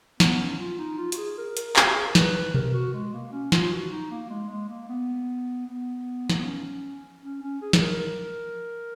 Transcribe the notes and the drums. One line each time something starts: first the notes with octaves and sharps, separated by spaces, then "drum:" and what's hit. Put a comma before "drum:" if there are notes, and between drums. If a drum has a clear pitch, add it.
B3, drum: snare
C#4
F4
D#4
F4
F#4, drum: hi-hat
G#4
A#4
A#4, drum: hi-hat
G#4, drum: clap
F#4
G#4
A#4
B4, drum: snare
A#4, drum: tom B2
F#4
G#3
A#3
C#4
F4, drum: snare
F#4
D#4
A#3
G#3
G#3
A#3
B3
B3
A#3, drum: snare
B3
C#4
C#4
C#4
G#4
G#4, drum: snare
A#4